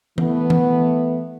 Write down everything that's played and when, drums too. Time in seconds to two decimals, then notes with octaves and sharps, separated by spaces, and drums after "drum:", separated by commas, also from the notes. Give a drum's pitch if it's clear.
0.18 E3 A3 B3, drum: tom E3
0.50 drum: tom E3